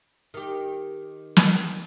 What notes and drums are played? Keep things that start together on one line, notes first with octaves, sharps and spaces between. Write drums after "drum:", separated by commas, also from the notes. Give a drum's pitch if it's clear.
D#3 G4
drum: snare